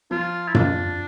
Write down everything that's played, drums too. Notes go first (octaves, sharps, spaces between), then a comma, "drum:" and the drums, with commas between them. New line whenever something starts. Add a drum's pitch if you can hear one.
F3 F4
E4
D4 F4, drum: tom F#2